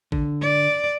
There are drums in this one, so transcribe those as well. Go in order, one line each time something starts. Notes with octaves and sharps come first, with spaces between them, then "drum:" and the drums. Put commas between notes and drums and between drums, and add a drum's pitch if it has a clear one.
D3, drum: kick A1
D5